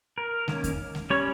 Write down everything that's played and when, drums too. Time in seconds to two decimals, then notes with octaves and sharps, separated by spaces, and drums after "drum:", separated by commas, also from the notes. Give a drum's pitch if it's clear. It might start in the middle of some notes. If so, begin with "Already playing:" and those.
0.18 A#4
0.48 D#3 A#3 C#4, drum: snare G#3
0.64 drum: kick E2, hi-hat
0.95 drum: snare G#3
1.10 G3 C#4 C#5